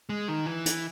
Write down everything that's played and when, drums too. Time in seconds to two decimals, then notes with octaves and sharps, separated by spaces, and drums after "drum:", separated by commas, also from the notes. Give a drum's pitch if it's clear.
0.09 G#3
0.28 D#3
0.46 E3
0.66 drum: hi-hat